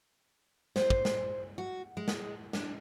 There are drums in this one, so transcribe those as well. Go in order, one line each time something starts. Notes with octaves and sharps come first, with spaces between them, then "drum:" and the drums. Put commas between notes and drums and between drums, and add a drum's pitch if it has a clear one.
C5, drum: snare
drum: kick
drum: snare
F#4
G#3
drum: snare
D4, drum: snare